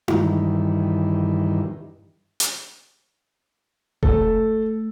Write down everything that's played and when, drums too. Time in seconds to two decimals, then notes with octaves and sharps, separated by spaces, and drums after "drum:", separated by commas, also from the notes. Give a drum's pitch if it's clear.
0.08 G2 D#3 E3, drum: tom D#4
2.40 drum: hi-hat
4.03 A3 A4, drum: kick F1